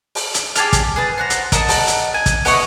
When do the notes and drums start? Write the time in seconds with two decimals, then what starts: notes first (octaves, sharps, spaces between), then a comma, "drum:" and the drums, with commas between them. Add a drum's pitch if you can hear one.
0.15 drum: open hi-hat
0.34 drum: hi-hat
0.55 G4 G#4 A5 F6, drum: hi-hat
0.73 drum: kick, hi-hat
0.96 G#4 B4 A5
1.18 C5 F#5 A#5
1.30 drum: hi-hat
1.52 A#4 D#5 F#5 A5, drum: kick, hi-hat
1.68 drum: open hi-hat
1.88 drum: hi-hat
2.14 G#5
2.26 drum: kick, hi-hat
2.45 B3 E4 D#5 C#6, drum: open hi-hat